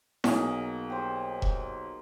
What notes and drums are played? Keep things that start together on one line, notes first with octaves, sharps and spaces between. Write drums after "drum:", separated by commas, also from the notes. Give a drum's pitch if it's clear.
B1 A#3 G#4, drum: snare E4
G4 C5
drum: kick E1